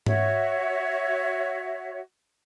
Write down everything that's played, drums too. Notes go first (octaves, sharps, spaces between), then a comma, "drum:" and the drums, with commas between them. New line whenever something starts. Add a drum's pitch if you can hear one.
F#4 C#5 E5, drum: tom G#2